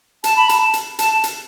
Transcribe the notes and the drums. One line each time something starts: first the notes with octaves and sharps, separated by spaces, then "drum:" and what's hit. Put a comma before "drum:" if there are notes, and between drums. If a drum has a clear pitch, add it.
A5, drum: hi-hat
B5
A5, drum: hi-hat
drum: hi-hat
A5, drum: hi-hat
drum: hi-hat